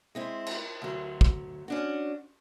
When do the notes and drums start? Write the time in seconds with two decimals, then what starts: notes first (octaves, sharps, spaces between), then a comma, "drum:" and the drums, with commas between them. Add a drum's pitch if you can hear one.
0.15 G#3 C4 E4
0.46 drum: cymbal
0.82 D2 F#3
1.21 drum: kick
1.68 C#4 D4 F#4